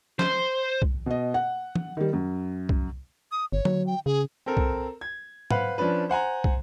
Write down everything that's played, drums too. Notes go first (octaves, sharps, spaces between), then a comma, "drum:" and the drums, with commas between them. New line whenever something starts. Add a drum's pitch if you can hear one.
C5, drum: snare
drum: kick
B2 D#5
F#5
drum: tom
D#3 G3
F#2
drum: kick
D#6
G1 C#5
F#3, drum: tom D3
G5
C#3 G#4
C4 A4 A#4
drum: kick
G#6
B4 C5 F5 F#5, drum: tom G#2
F3 C#4 D4 B4
C5 F#5 G#5 A#5
drum: kick